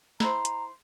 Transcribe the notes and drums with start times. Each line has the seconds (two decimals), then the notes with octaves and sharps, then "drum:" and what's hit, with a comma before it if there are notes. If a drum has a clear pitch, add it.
0.20 E4 C5 A#5, drum: snare
0.45 drum: hi-hat